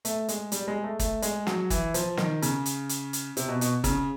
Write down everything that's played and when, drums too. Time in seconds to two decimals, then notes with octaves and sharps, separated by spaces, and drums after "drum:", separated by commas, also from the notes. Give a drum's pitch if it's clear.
0.05 A3, drum: hi-hat
0.28 G#3, drum: hi-hat
0.52 G3, drum: hi-hat
0.68 G#3
0.84 A3
0.99 A3, drum: kick, hi-hat
1.22 G#3, drum: hi-hat
1.47 F#3, drum: snare
1.70 E3, drum: kick, hi-hat
1.94 F3, drum: hi-hat
2.17 D#3, drum: snare
2.42 C#3, drum: hi-hat
2.66 drum: hi-hat
2.89 drum: hi-hat
3.13 drum: hi-hat
3.37 C3, drum: hi-hat
3.48 B2
3.61 B2, drum: hi-hat
3.84 C#3, drum: kick, hi-hat